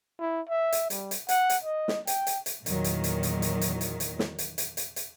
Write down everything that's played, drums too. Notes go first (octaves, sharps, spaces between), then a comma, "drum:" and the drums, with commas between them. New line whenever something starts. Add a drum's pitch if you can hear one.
E4
E5
drum: hi-hat
G3, drum: hi-hat
drum: hi-hat
F#5, drum: hi-hat
drum: hi-hat
D#5
drum: snare
G5, drum: hi-hat
drum: hi-hat
drum: hi-hat
E2 A#2 D#3 F#3, drum: hi-hat
drum: hi-hat
drum: hi-hat
drum: hi-hat
drum: hi-hat
drum: hi-hat
drum: hi-hat
drum: hi-hat
drum: snare
drum: hi-hat
drum: hi-hat
drum: hi-hat
drum: hi-hat